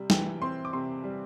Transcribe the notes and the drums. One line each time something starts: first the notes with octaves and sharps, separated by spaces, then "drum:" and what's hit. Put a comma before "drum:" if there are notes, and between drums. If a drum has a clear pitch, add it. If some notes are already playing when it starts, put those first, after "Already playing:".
Already playing: C3 G3
E3 G5, drum: snare
C4 C6
D6
C3 C6
G3